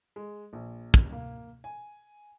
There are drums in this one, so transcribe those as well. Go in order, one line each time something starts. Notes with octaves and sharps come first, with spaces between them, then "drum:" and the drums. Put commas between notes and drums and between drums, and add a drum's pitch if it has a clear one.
G#3
A#1
drum: kick
A#3
G#5